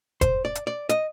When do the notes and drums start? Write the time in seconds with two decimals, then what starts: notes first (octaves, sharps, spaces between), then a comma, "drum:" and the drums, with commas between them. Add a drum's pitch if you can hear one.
0.21 C5, drum: kick F1, hi-hat
0.45 D5
0.55 drum: hi-hat
0.67 D5
0.89 D#5, drum: hi-hat